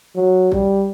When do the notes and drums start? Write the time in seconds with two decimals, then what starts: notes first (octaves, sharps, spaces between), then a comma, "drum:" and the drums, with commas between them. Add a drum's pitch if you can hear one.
0.16 F#3
0.52 G3, drum: kick A1